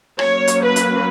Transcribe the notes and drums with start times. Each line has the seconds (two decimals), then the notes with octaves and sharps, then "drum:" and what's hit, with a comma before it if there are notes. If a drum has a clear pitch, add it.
0.19 F#3 A#3 C#4 C#5, drum: rim click
0.48 drum: hi-hat
0.62 B4
0.76 drum: hi-hat